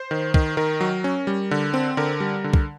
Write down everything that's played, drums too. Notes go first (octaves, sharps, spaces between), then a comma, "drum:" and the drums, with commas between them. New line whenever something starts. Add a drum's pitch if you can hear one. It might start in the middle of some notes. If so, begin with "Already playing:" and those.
Already playing: C5
D#3
D#3, drum: kick
D#3 A#4
F#3
C#4
G3
D3
C4
D3 A#4
G3
D3
drum: kick